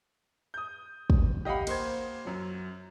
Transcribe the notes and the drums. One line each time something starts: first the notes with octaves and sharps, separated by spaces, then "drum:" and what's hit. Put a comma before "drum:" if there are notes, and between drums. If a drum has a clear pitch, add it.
D#6 G6
drum: kick
G4 D#5 F5 F#5 B5
A#3 C5 G#6, drum: cymbal
F#2 F#3